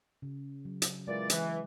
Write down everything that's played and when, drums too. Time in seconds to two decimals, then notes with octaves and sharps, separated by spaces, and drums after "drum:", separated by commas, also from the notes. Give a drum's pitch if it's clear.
0.22 C#3
0.65 F#3
0.82 drum: hi-hat
1.07 A#2 E3 G#3 D5
1.30 E3, drum: hi-hat